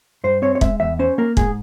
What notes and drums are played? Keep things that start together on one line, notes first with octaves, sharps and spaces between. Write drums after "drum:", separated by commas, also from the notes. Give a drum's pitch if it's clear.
G2 C5
C4 C#5
C#5
G#3 E5, drum: kick
E2 E5
C#4 C5
A#3 A#4
G#2 G#4, drum: kick